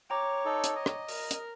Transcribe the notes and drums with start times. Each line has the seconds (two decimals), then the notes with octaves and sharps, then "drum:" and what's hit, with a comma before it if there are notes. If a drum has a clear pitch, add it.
0.10 C#5 G5 A#5 D6
0.45 D#4 A4
0.64 drum: hi-hat
0.75 D#5
0.86 drum: rim click
1.08 A#4, drum: open hi-hat
1.31 drum: hi-hat